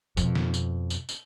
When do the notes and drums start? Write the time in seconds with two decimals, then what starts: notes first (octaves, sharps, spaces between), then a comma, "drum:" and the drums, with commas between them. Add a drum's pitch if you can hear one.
0.17 F2 B2, drum: tambourine
0.35 drum: snare
0.54 drum: tambourine
0.90 drum: tambourine
1.09 drum: tambourine